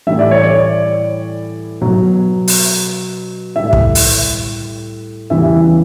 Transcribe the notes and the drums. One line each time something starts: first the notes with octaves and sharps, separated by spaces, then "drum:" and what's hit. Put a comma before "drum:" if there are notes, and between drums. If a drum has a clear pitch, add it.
A2 E3 G3 E5
D5
C#5
D5
B2 F#3
drum: open hi-hat
A2 G3 E5
drum: kick
drum: open hi-hat
E2 C#3 E3 G3 E5